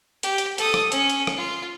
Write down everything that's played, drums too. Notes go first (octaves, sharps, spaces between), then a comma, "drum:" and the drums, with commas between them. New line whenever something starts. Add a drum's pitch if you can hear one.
G4, drum: hi-hat
drum: hi-hat
A4 D#6, drum: hi-hat
drum: rim click
C#4, drum: hi-hat
drum: hi-hat
drum: rim click
F4